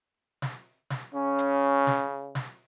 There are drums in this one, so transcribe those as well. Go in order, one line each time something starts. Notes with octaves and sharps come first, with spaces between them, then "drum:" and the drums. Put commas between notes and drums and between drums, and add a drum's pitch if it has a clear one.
drum: snare
drum: snare
C#3 C#4
drum: hi-hat
drum: snare
drum: snare